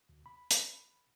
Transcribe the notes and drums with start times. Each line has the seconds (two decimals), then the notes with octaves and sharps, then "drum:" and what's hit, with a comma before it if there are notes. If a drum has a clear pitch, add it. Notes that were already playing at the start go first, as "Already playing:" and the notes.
0.09 D2
0.26 B5
0.51 drum: hi-hat